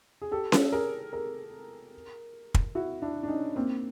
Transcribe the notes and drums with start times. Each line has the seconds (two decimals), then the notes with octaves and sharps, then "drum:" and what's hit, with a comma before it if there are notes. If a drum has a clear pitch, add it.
0.22 G#4
0.31 G4 A4
0.52 drum: snare C#4
0.72 G#4 A#4
1.13 G#4 A#4
2.54 drum: kick
2.75 E4 F#4
3.02 D4 E4
3.23 D4
3.28 C#4 D#4
3.56 A#3 C4